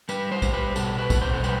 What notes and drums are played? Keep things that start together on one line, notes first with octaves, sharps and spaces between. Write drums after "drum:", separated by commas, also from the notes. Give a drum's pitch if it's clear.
G3 B4, drum: tambourine
C5
G3, drum: kick, tambourine
B4
B2 A4, drum: tambourine
B4
B2, drum: kick, tambourine
C5
A4
G3 B4, drum: tambourine